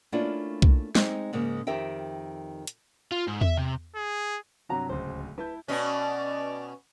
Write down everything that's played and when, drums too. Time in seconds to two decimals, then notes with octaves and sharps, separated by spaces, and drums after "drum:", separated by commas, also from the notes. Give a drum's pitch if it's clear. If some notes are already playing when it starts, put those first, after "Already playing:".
0.12 A3 A#3 C#4 D4 E4 F4
0.62 drum: kick
0.95 G#3 A#3 C4 D#4, drum: snare
1.33 G#2 C#3 G#3 A#3
1.67 F2 D#3 G4 A#4 E5 G5
2.67 drum: hi-hat
3.12 F4
3.28 G#2
3.41 E5, drum: tom E2
3.57 C3
3.96 G#4
4.69 G2 C3 F#3 F#4 A#5
4.89 D1 C#2 C5
5.38 E4 B4 A5 G6
5.68 B2 C#4 D5